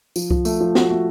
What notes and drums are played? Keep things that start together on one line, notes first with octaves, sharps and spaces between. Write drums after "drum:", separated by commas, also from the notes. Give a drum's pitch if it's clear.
F3, drum: tambourine
F3, drum: kick C2
A3, drum: tambourine
F3
F#4, drum: snare
A3